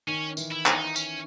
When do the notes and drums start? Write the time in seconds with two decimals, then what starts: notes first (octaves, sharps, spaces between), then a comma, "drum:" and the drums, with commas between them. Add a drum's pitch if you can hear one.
0.07 D#3 C#4
0.37 E3, drum: tambourine
0.52 E4
0.66 D#3, drum: clap
0.73 D#4
0.96 C#4, drum: tambourine